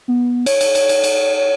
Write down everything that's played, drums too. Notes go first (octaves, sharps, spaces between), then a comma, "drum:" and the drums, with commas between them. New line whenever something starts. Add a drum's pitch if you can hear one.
B3
C#5, drum: cymbal
drum: cymbal
drum: cymbal
drum: cymbal
drum: cymbal
C#5